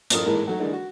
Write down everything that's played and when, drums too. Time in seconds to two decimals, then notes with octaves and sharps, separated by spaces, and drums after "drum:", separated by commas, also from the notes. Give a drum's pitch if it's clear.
0.10 A1 F#2 A3 F4 A#4 D#6, drum: hi-hat
0.25 G#1 A2 E3 G#3 A#3 A#4
0.47 F#3 A3 D#4 F#4
0.60 D3 E3 G#3 A#3 D4 D#4
0.73 F#4